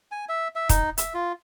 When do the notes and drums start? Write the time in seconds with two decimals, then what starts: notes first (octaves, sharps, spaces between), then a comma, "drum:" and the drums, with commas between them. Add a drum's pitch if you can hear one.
0.11 G#5
0.29 E5
0.55 E5
0.69 D#4, drum: kick, hi-hat
0.98 E5, drum: hi-hat
1.14 F4